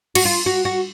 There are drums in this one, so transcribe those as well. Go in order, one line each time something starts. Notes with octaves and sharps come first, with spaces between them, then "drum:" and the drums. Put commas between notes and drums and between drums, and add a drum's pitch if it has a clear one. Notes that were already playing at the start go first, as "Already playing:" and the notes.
F#4, drum: cymbal
F4
F#4
F#4